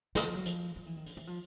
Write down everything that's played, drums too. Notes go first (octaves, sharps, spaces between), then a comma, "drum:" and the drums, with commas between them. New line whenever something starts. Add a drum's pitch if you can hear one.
D#3, drum: snare
F3
F#3
F3, drum: hi-hat
F3
E3
D#3
D3, drum: open hi-hat
E3
F3